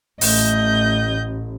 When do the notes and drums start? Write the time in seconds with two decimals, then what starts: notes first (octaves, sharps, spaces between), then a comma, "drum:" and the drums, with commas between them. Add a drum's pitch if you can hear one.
0.21 A1 A3 D#5 G6, drum: open hi-hat